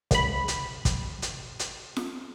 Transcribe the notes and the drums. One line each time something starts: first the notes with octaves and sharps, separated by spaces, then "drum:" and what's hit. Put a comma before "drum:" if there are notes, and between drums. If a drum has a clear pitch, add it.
C#2 B5, drum: kick, hi-hat
drum: hi-hat
drum: kick, hi-hat
drum: hi-hat
drum: hi-hat
drum: snare F4